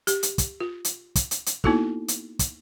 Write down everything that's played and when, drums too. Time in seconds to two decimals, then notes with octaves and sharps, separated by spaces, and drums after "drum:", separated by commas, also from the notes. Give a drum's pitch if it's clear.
0.07 G4, drum: hi-hat
0.23 drum: hi-hat
0.38 drum: kick, hi-hat
0.60 F4
0.85 drum: hi-hat
1.15 drum: kick, hi-hat
1.31 drum: hi-hat
1.46 drum: hi-hat
1.64 A#3 B3 D#4 E4 F#4 A4, drum: kick
2.08 drum: hi-hat
2.39 drum: kick, hi-hat